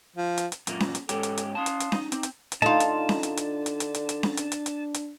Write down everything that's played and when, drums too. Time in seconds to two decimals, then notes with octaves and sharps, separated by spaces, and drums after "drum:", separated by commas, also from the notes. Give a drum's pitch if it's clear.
0.16 F3
0.38 drum: hi-hat
0.52 drum: hi-hat
0.67 F#2 A#2 A#3, drum: hi-hat
0.80 drum: snare C#4
0.95 drum: hi-hat
1.09 G#2 C#4 G4 A4, drum: hi-hat
1.23 drum: hi-hat
1.38 drum: hi-hat
1.55 C#4 F5 A5 C6 D#6
1.66 drum: hi-hat
1.80 drum: hi-hat
1.92 D#4, drum: snare C#4
2.12 C4 D#4 D6, drum: hi-hat
2.23 drum: hi-hat
2.52 drum: hi-hat
2.62 D3 D4 D#4 F4 A5
2.80 drum: hi-hat
3.09 drum: snare C#4
3.23 drum: hi-hat
3.37 drum: hi-hat
3.66 drum: hi-hat
3.80 drum: hi-hat
3.95 drum: hi-hat
4.09 drum: hi-hat
4.23 drum: snare C#4
4.37 drum: hi-hat
4.52 drum: hi-hat
4.66 drum: hi-hat
4.94 drum: hi-hat